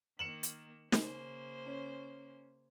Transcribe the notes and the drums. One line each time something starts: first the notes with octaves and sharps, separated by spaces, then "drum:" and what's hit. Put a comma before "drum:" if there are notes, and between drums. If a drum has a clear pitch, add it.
D#3 A#3 C#7 E7 F#7
drum: hi-hat
C#3 A#3 C5, drum: snare
C#4